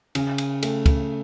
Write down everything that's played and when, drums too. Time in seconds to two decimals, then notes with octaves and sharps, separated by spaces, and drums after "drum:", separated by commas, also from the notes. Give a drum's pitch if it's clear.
0.15 C#3, drum: cymbal
0.38 drum: cymbal
0.63 A3, drum: cymbal
0.86 drum: kick, cymbal